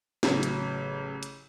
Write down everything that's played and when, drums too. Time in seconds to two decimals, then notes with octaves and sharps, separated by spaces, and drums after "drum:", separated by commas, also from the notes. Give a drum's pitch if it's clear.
0.23 A1 C#3 F#3, drum: snare
0.43 drum: hi-hat
1.23 drum: hi-hat